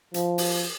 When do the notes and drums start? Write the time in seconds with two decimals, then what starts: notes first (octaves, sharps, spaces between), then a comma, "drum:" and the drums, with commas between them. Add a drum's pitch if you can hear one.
0.14 F3, drum: hi-hat
0.38 drum: open hi-hat